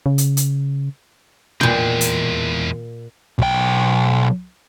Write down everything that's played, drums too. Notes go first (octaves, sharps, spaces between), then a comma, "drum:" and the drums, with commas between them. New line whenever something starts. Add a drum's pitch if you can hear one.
C#3
drum: hi-hat
drum: hi-hat
E2 A#2 G#3 G5, drum: tom
drum: hi-hat
B1 G5, drum: kick